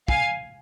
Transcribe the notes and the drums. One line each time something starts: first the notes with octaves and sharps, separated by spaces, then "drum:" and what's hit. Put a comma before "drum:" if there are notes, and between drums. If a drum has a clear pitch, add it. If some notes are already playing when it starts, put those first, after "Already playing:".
F5 G#5, drum: kick